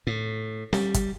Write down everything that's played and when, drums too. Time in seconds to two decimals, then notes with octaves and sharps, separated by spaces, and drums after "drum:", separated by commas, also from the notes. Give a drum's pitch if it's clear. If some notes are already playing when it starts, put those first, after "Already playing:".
0.07 A2
0.73 G3, drum: snare
0.94 drum: kick, hi-hat